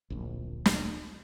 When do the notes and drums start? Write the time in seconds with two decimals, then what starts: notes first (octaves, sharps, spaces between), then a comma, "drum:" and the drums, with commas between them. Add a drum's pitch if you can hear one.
0.10 D1 A#1
0.65 drum: snare